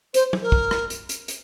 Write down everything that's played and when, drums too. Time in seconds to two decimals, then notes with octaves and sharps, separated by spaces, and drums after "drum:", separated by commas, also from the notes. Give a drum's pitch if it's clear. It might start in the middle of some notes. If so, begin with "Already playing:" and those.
0.14 C5, drum: hi-hat
0.33 drum: tom
0.42 A#4
0.52 drum: kick
0.71 drum: rim click
0.90 drum: hi-hat
1.09 drum: hi-hat
1.28 drum: hi-hat